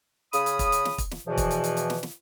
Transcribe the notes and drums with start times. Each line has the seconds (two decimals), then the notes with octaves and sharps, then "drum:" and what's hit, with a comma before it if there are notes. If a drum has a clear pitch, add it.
0.33 C#3 B5 D#6, drum: hi-hat
0.46 drum: hi-hat
0.59 drum: kick, hi-hat
0.72 drum: hi-hat
0.85 drum: snare
0.98 drum: kick, hi-hat
1.11 drum: snare
1.27 E2 B2 E3 F3
1.38 drum: kick, hi-hat
1.51 drum: hi-hat
1.64 drum: hi-hat
1.77 drum: hi-hat
1.90 drum: snare
2.03 drum: snare